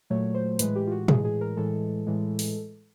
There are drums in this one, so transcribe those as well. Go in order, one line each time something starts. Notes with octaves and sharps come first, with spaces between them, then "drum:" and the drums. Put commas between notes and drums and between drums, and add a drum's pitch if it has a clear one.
A#2 F#3 A3 C#5
C5
A2 E3 G#3 B4, drum: hi-hat
G4
F4
F#4
A2 E3 G#3 G#4, drum: tom A#2
G#4
A#4
A2 E3 G#3 A4
A2 E3 G#3
drum: open hi-hat